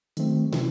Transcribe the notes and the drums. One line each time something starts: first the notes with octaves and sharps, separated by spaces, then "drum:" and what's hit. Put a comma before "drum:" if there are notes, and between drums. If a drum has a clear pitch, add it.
D#3 F#3 A3 C4, drum: hi-hat
C3 E3, drum: snare